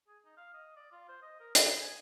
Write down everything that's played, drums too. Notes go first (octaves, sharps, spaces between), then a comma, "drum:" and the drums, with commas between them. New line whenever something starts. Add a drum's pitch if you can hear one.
G#4
D#4
F5
D#5
D5
F4
C5
D#5
A#4
D#4, drum: hi-hat
G#5